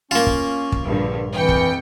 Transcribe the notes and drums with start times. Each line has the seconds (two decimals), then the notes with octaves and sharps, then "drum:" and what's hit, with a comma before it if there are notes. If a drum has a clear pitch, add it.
0.11 A#3 C#4 F4
0.27 drum: kick
0.72 drum: kick
0.84 A#1 G2 D3
1.34 F2 E3 G5 C#7
1.49 drum: kick